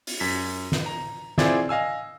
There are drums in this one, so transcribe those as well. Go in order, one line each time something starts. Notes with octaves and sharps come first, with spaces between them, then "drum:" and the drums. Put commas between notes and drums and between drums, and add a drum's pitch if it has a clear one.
drum: open hi-hat
F#2 B6
drum: snare
A#5
C4 E4 F4 G#4 C5 D5, drum: snare
D#5 F5 G#5 E6